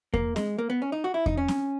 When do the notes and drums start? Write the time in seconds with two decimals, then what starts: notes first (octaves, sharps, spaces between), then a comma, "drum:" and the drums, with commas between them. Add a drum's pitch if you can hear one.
0.14 A#3, drum: kick E2
0.36 G#3, drum: snare C4
0.59 A#3
0.70 B3
0.82 C#4
0.92 D#4
1.04 F#4
1.14 E4
1.26 D#4, drum: kick E2
1.37 C#4
1.48 drum: snare C4